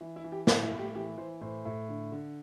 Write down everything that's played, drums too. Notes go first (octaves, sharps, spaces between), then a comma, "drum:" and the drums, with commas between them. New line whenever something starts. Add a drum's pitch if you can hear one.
E3
E4
E3
G4
A2 E4, drum: snare
E4
A2
G4
E3 G4
E3 C5
A2 C5
A2
D3
D3